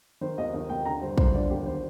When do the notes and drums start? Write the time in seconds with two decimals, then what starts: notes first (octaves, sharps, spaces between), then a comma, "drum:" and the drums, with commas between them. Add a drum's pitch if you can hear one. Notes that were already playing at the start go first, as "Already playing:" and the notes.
0.21 D#3 C5
0.38 D#2 D#5
0.54 D#3 D#5
0.69 D#2 G5
0.85 D3 A#5
1.02 G2 C5
1.18 G2 C5, drum: kick
1.34 D3 D5
1.50 D#2 G4
1.66 D#3 C5